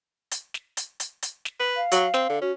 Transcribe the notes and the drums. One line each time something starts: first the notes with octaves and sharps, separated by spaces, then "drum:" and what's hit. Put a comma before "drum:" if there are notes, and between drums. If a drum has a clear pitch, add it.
drum: hi-hat
drum: snare
drum: hi-hat
drum: hi-hat
drum: hi-hat
drum: snare
B4
F5
F#3, drum: hi-hat
C4, drum: snare
D3
C#4 F#4